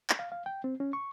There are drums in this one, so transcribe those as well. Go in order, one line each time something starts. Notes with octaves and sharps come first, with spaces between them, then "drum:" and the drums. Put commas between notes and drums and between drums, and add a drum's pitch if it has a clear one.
drum: clap
F5
F5
G5
C4
C#4
C#6